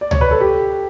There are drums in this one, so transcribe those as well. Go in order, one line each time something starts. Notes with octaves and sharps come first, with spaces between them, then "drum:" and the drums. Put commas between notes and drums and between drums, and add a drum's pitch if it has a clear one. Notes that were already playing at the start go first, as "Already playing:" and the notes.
D5
C#5, drum: tom C#2
B4
A4
G4